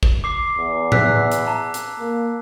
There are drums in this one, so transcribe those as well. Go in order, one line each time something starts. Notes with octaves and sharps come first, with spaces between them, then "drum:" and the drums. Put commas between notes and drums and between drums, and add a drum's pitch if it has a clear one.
drum: kick
D6 C7
E2
E6 F#6 B6, drum: tom A2
drum: hi-hat
A5 A#5
drum: hi-hat
A#3